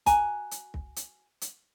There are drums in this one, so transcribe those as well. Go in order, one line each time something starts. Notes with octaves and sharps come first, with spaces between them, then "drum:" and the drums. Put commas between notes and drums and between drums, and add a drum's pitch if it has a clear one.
F#4 G#5 A#5, drum: kick, hi-hat
drum: hi-hat
drum: kick
drum: hi-hat
drum: hi-hat